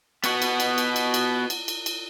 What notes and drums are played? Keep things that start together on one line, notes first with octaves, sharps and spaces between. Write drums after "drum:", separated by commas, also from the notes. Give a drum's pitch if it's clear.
B3 F#4, drum: cymbal
drum: cymbal
drum: cymbal
drum: cymbal
drum: cymbal
drum: cymbal
drum: cymbal
drum: cymbal
drum: cymbal